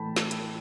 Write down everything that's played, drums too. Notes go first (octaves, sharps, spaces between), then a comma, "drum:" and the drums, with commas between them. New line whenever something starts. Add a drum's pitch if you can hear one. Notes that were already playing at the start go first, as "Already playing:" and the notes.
Already playing: A2 E3 A3 G5 A5 B5
drum: snare
drum: hi-hat